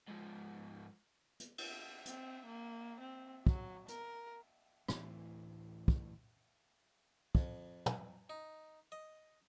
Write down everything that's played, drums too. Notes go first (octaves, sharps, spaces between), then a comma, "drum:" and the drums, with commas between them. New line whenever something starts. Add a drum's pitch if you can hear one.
G#2 F3
drum: hi-hat
drum: cymbal
C4, drum: hi-hat
A#3
C4
F#3, drum: kick
A#4, drum: hi-hat
D2 A2 E3 C4, drum: rim click
drum: kick
F2, drum: kick
drum: tom
D#4
D#5